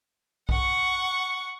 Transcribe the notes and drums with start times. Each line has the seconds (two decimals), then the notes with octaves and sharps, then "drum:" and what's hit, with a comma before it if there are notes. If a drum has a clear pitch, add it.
0.49 F#5 C#6, drum: kick B1